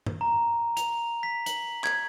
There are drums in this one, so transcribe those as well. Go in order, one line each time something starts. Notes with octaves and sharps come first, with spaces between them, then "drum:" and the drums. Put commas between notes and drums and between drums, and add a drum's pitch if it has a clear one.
drum: tom
A#5
F7, drum: hi-hat
B6
F#7, drum: hi-hat
G#6, drum: clap